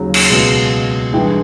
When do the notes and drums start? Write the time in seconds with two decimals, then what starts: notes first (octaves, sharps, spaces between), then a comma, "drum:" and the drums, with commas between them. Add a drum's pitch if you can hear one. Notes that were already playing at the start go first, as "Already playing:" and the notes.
Already playing: D#2 C#3 F#3
0.14 drum: cymbal
0.30 C#2 B2 G#3
1.13 G2 E3 G#3 G5